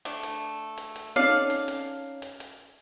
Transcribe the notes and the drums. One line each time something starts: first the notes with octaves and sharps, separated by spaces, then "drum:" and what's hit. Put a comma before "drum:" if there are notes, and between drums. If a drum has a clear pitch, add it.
A3 D4, drum: hi-hat
drum: hi-hat
drum: hi-hat
drum: hi-hat
C#4 D#4 A4 C#5 D5 F5
drum: hi-hat
drum: hi-hat
drum: hi-hat
drum: hi-hat